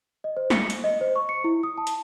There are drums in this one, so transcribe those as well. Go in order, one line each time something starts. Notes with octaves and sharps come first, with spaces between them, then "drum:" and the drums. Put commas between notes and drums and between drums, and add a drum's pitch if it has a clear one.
D#5
C5
C#7, drum: snare
drum: hi-hat
D#5
C5
C#6
C#7
E4
D#6
A5
drum: hi-hat